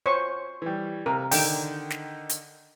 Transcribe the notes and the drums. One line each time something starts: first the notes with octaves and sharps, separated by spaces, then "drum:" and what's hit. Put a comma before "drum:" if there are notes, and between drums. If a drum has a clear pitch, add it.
C5 C#5 C#6
E3 G3
C3 A#4
D3 D#3 G5, drum: open hi-hat
drum: snare
drum: hi-hat